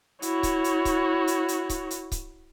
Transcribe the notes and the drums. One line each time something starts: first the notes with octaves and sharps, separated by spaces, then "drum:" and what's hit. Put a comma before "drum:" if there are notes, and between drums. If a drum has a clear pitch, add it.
E4 F#4 C#5, drum: hi-hat
drum: kick C#1, hi-hat
drum: hi-hat
drum: kick C#1, hi-hat
drum: hi-hat
drum: hi-hat
drum: kick C#1, hi-hat
drum: hi-hat
drum: kick C#1, hi-hat